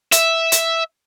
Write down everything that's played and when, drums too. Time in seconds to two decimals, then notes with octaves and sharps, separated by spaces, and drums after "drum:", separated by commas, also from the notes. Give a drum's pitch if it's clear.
0.12 E5, drum: hi-hat
0.52 drum: hi-hat